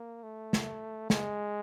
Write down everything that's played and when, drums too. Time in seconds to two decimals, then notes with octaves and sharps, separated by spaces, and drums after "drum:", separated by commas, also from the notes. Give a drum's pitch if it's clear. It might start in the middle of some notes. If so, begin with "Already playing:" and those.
Already playing: A#3
0.23 A3
0.53 drum: snare
1.10 G#3, drum: snare